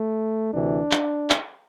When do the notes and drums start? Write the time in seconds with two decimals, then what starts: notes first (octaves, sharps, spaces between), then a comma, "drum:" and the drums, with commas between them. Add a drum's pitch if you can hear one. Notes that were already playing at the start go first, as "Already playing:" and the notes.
Already playing: A3
0.53 D2 C3 E3 D4
0.91 drum: clap
1.30 drum: clap